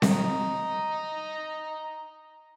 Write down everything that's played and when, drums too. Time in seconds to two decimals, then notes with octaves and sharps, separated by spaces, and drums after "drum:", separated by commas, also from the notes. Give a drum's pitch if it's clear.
0.02 D#5 A#5, drum: snare C4